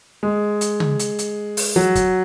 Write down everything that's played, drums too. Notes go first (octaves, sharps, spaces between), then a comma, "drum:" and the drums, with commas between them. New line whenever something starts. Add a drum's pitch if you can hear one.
G#3
drum: hi-hat
drum: tom C#3
drum: hi-hat
drum: hi-hat
drum: open hi-hat
F#3
drum: kick, hi-hat